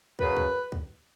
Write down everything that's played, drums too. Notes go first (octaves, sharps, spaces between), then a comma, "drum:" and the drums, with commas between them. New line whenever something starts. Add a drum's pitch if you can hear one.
F#2 C#3 F#3 B4, drum: kick
drum: kick
drum: kick